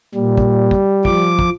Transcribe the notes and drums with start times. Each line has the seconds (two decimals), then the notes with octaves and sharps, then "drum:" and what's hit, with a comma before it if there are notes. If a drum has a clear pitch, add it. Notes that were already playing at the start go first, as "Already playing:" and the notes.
0.15 A#2 G3
0.37 drum: kick
0.71 drum: kick
1.05 F3 D6, drum: kick
1.39 drum: kick